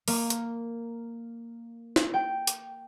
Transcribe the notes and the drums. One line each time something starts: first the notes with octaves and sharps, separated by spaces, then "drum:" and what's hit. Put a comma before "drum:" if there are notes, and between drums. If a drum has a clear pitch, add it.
A#3, drum: open hi-hat
drum: hi-hat
drum: snare E4
G5
drum: hi-hat